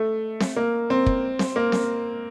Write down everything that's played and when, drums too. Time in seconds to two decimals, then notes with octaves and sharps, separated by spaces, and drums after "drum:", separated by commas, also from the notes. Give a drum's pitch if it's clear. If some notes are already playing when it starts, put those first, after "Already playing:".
Already playing: A3
0.41 drum: snare C4
0.56 A#3
0.90 C4
1.06 drum: kick
1.39 drum: snare C4
1.56 A#3
1.72 drum: snare C4